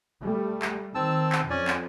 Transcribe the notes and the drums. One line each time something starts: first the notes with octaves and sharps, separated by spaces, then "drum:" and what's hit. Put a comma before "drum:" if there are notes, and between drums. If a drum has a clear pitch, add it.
G3 A3
drum: clap
D#3 C4 A5 E6
drum: clap
F2 C#4 D5 G#5
drum: clap